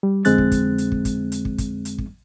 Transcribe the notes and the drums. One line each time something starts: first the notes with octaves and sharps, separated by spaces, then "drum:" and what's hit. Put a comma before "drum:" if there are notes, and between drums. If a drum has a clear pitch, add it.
G3
F2 D3 G#3 C4 F#6 A6, drum: hi-hat
drum: kick
drum: kick, hi-hat
drum: hi-hat
drum: kick
drum: kick, hi-hat
drum: hi-hat
drum: kick
drum: kick, hi-hat
drum: hi-hat
drum: kick